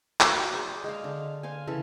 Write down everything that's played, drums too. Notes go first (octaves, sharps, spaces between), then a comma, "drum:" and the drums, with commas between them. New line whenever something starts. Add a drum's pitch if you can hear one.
F#3, drum: clap
G#4 C5 D5
G#3 F5
D3
C5 F5 G#5
C#3 E3 A4